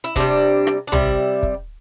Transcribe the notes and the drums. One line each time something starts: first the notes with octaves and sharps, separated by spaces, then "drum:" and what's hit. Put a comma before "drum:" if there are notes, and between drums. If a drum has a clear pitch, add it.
E4
C3 G3 D4, drum: kick
drum: rim click
D4
C3 G3 E4, drum: tom A#1
drum: kick